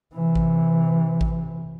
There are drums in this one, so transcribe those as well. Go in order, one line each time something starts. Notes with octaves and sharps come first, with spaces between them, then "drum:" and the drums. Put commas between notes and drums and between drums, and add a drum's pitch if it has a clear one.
C3 E3
drum: kick A1
drum: kick A1